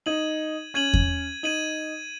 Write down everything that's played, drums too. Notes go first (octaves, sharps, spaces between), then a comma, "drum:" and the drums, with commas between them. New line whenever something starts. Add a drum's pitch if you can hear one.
D#4 G#6 D#7 F#7
C#4 G#6 D#7 F#7
drum: kick E2
D#4 G#6 D#7 F#7